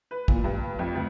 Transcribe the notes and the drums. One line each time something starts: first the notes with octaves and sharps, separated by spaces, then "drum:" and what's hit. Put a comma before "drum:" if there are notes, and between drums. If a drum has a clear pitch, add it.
B4
A#2, drum: kick
G2
F2
D2